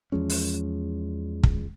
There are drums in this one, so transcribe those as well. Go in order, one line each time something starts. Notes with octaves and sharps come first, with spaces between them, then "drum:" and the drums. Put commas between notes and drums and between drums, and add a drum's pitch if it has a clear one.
E2 F3 G#3 C#4
drum: open hi-hat
drum: kick